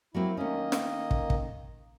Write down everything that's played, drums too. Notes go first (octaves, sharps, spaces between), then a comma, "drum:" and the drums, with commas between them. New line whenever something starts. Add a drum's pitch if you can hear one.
F#3 A#3 C4 E4
D#3 A3 A#3 C#4 D#5
drum: snare
drum: kick
drum: kick